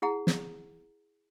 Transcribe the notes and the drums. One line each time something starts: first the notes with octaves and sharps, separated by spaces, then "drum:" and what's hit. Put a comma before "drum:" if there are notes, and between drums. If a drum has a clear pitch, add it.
E4 G#4 F#5 A#5
drum: snare